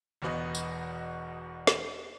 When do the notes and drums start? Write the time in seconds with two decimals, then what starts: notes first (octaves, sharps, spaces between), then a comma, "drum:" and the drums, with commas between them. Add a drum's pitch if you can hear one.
0.22 E1 E2 B2 B3 F#4 D#5
0.55 drum: tambourine
1.67 drum: snare